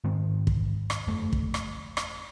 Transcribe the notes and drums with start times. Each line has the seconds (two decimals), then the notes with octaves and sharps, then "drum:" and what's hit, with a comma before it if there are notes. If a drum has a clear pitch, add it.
0.04 G#2 D#3 C4
0.47 drum: kick
0.90 drum: rim click
1.07 G1 F2 A3
1.33 drum: kick
1.54 drum: rim click
1.97 drum: rim click